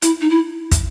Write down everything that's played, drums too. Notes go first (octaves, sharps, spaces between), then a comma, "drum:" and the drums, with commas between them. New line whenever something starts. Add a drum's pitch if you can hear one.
E4, drum: hi-hat
D#4
E4
drum: kick, hi-hat